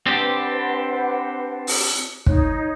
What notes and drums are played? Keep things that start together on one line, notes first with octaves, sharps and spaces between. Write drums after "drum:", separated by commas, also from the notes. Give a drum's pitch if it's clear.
C4 D4 G4 B4 C5 F#5
drum: open hi-hat
D#4 C#5, drum: kick